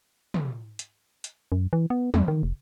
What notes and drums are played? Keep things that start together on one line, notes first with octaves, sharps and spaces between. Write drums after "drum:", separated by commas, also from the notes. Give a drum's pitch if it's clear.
drum: tom
drum: hi-hat
drum: hi-hat
F#2
E3
B3
F2, drum: tom
D#3
F1